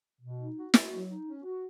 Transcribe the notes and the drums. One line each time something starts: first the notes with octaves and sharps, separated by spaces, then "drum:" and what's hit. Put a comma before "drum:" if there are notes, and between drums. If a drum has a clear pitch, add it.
B2
D#4
F#4
F#4, drum: snare
F#3
D#4
C#4
F#4